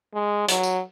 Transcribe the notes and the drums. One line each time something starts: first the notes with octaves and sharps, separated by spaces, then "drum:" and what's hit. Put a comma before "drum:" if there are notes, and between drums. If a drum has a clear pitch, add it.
G#3
F#3, drum: hi-hat
drum: tambourine